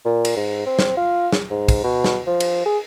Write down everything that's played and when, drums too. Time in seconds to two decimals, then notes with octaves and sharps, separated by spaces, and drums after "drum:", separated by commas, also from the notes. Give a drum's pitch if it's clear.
0.05 A#2
0.25 drum: cymbal
0.37 G#2
0.66 C4
0.79 drum: snare
0.97 F4
1.33 drum: snare
1.50 G#2
1.68 drum: kick, cymbal
1.84 B2
2.04 drum: snare
2.27 F3
2.40 drum: cymbal
2.66 G#4